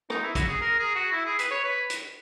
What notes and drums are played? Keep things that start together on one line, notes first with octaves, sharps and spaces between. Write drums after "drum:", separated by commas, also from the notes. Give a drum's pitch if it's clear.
D#4, drum: rim click
E4
F#4, drum: kick, hi-hat
G#4
A#4
G#4
F#4
E4
G#4
B4, drum: hi-hat
C#5
B4
drum: hi-hat